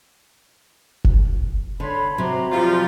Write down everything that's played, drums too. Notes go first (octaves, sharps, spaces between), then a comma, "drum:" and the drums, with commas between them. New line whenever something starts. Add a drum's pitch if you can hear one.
drum: kick F1
D3 C#5 B5 C6
C3 F#3 A#5 C6 D6
F3 F4 G4 D5 E5 A#5